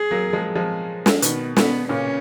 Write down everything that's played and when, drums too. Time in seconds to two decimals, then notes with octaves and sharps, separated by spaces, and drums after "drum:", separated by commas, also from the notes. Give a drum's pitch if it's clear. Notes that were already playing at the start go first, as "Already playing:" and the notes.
Already playing: G#4
0.11 F#3 A#3
0.33 F3 G#3
0.55 F3 G#3
1.06 drum: snare
1.22 B2 D#3 B3, drum: hi-hat
1.57 B3, drum: snare
1.89 A#2 C#3 C#4